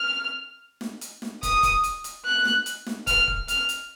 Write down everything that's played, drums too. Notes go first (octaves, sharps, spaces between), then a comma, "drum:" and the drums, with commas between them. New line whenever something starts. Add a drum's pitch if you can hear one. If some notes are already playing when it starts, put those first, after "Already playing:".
Already playing: F6
drum: snare
drum: hi-hat
drum: snare
D#6, drum: kick, hi-hat
drum: kick, hi-hat
drum: hi-hat
drum: hi-hat
F#6
drum: snare
drum: hi-hat
drum: snare
F6, drum: kick, hi-hat
drum: kick
F6, drum: hi-hat
drum: hi-hat